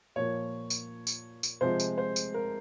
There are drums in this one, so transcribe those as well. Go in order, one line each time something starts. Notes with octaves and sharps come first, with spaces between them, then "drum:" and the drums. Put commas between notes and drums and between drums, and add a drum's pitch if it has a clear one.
A#2 F3 A#3 C#5
drum: tambourine
drum: tambourine
drum: tambourine
C3 F3 G#3 C5
drum: tambourine
C5
drum: tambourine
A#4